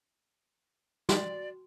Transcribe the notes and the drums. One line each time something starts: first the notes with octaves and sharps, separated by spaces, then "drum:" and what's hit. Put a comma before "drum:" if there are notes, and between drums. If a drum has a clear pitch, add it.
F#4 D5, drum: snare